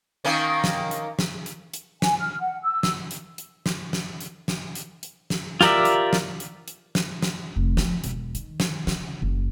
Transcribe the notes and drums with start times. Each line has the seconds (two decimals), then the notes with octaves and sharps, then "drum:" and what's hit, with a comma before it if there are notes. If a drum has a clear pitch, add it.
0.25 D#3 A#3 C#4
0.64 drum: snare
0.91 drum: hi-hat
1.19 drum: snare
1.46 drum: hi-hat
1.74 drum: hi-hat
2.02 G#5, drum: snare
2.20 F6
2.41 F#5
2.64 E6
2.83 drum: snare
3.11 drum: hi-hat
3.38 drum: hi-hat
3.66 drum: snare
3.93 drum: snare
4.21 drum: hi-hat
4.48 drum: snare
4.75 drum: hi-hat
5.03 drum: hi-hat
5.30 drum: snare
5.61 F4 G4 A#4 D5 E5, drum: snare
5.85 drum: hi-hat
6.13 drum: snare
6.40 drum: hi-hat
6.68 drum: hi-hat
6.95 drum: snare
7.22 drum: snare
7.56 F1
7.77 F3, drum: snare
8.04 E1, drum: hi-hat
8.35 D#3, drum: hi-hat
8.60 drum: snare
8.87 C#3, drum: snare
9.22 F#1